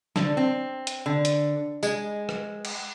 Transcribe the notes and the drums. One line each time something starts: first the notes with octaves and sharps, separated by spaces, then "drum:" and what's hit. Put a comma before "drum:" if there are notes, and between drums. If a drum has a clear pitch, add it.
D3, drum: snare
C4
drum: hi-hat
D3
drum: hi-hat
G#3, drum: tambourine
drum: rim click
drum: cymbal